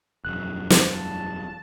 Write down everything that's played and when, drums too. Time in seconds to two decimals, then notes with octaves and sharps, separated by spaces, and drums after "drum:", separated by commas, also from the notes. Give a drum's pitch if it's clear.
0.25 E1 F#2 F#6
0.70 drum: snare
0.90 A5